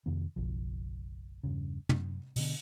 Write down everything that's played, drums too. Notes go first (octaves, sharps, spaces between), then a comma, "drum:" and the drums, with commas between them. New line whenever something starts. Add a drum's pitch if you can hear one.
F2 C3 D#3 B3
F#1 B1 F3
E2 G2 C#3
F#2, drum: tom
B2 D3 B3, drum: open hi-hat